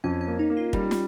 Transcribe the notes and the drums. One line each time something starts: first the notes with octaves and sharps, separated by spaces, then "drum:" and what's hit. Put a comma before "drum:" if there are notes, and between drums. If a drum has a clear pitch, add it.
F2 C#4
C#4
A#3
D#4
A#3
F4
G3 D#4, drum: kick
drum: snare